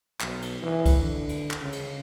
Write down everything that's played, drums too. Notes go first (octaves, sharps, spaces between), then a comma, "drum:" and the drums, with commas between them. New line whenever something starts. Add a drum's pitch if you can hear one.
B1, drum: clap
drum: cymbal
E3
drum: kick, cymbal
D3
drum: cymbal
drum: clap
C#3
drum: cymbal